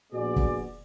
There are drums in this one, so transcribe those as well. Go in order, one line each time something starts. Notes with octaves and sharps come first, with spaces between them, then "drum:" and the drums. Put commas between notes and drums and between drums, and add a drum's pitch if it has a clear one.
A#1 A#2 B3 F#4 G#4 D5
drum: kick